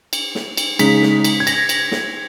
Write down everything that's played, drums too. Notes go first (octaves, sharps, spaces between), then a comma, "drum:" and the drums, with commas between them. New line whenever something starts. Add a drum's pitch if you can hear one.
drum: cymbal
drum: snare
drum: cymbal
C#3 G#3 D#4 B6, drum: cymbal
drum: snare
drum: cymbal
G#6
A#6, drum: cymbal
drum: cymbal
drum: snare